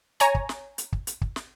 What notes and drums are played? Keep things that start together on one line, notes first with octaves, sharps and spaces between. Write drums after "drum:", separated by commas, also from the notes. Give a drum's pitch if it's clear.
C#5 G#5 A#5, drum: hi-hat
drum: kick
drum: snare
drum: hi-hat
drum: kick
drum: hi-hat
drum: kick
drum: snare